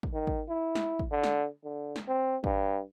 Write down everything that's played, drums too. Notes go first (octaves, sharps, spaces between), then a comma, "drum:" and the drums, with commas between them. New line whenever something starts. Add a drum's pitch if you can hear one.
drum: kick
D#3
drum: kick
E4
drum: snare
drum: kick
D3
drum: snare
D3
drum: snare
C4
G2, drum: kick